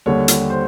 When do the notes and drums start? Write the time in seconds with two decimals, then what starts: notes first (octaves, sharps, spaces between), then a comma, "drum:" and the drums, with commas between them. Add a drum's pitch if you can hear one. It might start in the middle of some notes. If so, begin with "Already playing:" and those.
0.06 D#2 D3 G3 C#5
0.28 drum: hi-hat
0.50 C5